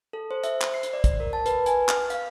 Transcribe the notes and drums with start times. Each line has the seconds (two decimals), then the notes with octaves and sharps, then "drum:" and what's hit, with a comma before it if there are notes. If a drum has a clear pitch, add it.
0.13 A4
0.31 C5
0.43 E5, drum: hi-hat
0.61 C5, drum: clap
0.74 C7
0.83 drum: hi-hat
0.93 D5
1.04 drum: kick, hi-hat
1.20 A#4
1.33 A5
1.46 B4, drum: hi-hat
1.66 G#5, drum: hi-hat
1.89 F6, drum: clap
2.10 F5, drum: hi-hat